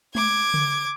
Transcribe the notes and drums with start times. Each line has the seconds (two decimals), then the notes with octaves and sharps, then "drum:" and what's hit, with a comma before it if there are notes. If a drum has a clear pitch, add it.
0.15 D6 G#6, drum: tom G#3
0.54 drum: tom C#3